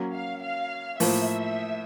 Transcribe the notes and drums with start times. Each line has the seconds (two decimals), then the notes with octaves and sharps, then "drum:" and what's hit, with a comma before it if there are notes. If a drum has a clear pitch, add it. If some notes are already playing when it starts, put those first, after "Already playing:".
Already playing: F#3 A#3 C#4
0.14 F5
0.43 F5
1.00 A2 F3 A#3 E5, drum: open hi-hat